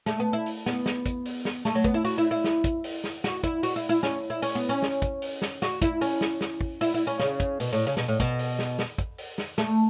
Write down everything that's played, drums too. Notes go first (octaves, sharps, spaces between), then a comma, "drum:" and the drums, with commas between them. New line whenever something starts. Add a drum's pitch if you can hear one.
A3, drum: snare
B3
E4
drum: open hi-hat
B3, drum: snare
drum: snare
drum: kick, hi-hat
drum: open hi-hat
drum: snare
A3, drum: snare
F#3
B3, drum: kick, hi-hat
E4
F#4, drum: open hi-hat
E4
E4
drum: snare
drum: kick, hi-hat
drum: open hi-hat
drum: snare
F#4, drum: snare
E4, drum: kick, hi-hat
F#4, drum: open hi-hat
E4
E4
C#4, drum: snare
E4
C#4, drum: open hi-hat
B3
C#4
drum: snare
drum: kick, hi-hat
drum: open hi-hat
drum: snare
F#4, drum: snare
E4, drum: kick, hi-hat
C#4, drum: open hi-hat
drum: snare
drum: snare
drum: kick
E4, drum: open hi-hat
E4
C#4
C#3, drum: snare
drum: kick, hi-hat
B2, drum: open hi-hat
A2
C#3
B2, drum: snare
A2
B2, drum: kick, hi-hat
drum: open hi-hat
drum: snare
drum: snare
drum: kick, hi-hat
drum: open hi-hat
drum: snare
A3, drum: snare